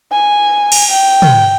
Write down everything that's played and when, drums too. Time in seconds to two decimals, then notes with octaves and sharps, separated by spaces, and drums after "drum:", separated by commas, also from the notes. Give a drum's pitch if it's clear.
0.12 G#5
0.72 drum: cymbal
0.91 G5
1.22 drum: tom